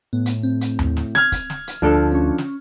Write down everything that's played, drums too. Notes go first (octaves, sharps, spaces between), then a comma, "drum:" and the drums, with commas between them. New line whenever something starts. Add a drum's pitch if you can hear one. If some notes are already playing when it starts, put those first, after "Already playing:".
A2 B3
drum: hi-hat
C4
drum: hi-hat
drum: tom D#2
drum: snare
F6 G#6, drum: snare
drum: kick, hi-hat
drum: snare
drum: hi-hat
D2 F3 D4 A4
C#4 C#6
drum: snare